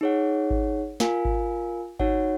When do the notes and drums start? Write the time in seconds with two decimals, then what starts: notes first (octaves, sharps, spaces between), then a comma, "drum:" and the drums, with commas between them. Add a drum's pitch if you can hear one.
0.01 D#4 G#4 C#5 F#5
0.50 drum: kick G#1
1.00 F4 A#4 F5 G#5, drum: snare
1.25 drum: kick G#1
1.99 D#4 F#4 C#5 F#5, drum: kick G#1